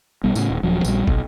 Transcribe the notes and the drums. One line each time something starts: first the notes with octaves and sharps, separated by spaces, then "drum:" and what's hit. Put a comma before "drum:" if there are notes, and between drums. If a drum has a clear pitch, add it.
B1 G3 B3
A2 C#3, drum: tambourine
D#1
D#1 F3 F#3
A#1 G3, drum: tambourine
B1, drum: kick